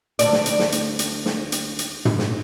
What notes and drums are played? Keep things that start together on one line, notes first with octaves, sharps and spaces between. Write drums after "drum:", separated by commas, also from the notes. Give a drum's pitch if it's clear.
D2 B2 D5, drum: hi-hat
drum: snare
drum: hi-hat
drum: snare
drum: hi-hat
drum: hi-hat
drum: snare
drum: hi-hat
drum: hi-hat
drum: tom
drum: snare